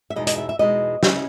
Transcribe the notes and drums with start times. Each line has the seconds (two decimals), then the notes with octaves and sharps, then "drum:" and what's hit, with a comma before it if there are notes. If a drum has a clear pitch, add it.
0.10 E5
0.16 E2 B2 G#3 D#4 D#5
0.27 D#5, drum: hi-hat
0.38 E5
0.49 E5
0.59 E2 B2 G#3 D#4 D#5
1.03 C#3 G#3 C#4 E4, drum: snare